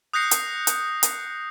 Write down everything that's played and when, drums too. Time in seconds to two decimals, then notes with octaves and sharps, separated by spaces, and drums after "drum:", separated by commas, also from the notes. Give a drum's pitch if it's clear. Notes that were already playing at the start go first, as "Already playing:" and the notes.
0.14 D#6 F#6 G6 A#6 C7 C#7
0.31 drum: hi-hat
0.67 drum: hi-hat
1.03 drum: hi-hat